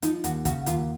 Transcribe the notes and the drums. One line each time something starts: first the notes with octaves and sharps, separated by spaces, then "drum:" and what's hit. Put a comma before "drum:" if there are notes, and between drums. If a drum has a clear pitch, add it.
F3 D#4, drum: hi-hat
D#2 F#4, drum: hi-hat
C#3 F#4, drum: kick, hi-hat
D#2 F4, drum: hi-hat